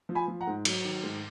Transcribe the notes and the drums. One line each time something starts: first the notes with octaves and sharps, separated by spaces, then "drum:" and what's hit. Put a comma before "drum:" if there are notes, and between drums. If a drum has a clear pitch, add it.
F3
G#5 B5
F3
F#5 A#5
G#2
F#3, drum: cymbal
D#3
G#2